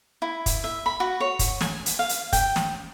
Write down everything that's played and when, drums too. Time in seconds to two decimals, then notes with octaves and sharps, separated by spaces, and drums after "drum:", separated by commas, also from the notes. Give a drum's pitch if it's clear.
0.22 E4
0.46 drum: kick, hi-hat
0.64 E5
0.86 B5
1.00 F#4
1.20 C#5
1.39 drum: kick, hi-hat
1.61 G#5, drum: snare
1.86 drum: hi-hat
1.99 F5
2.09 drum: hi-hat
2.33 G5, drum: kick, hi-hat
2.56 drum: snare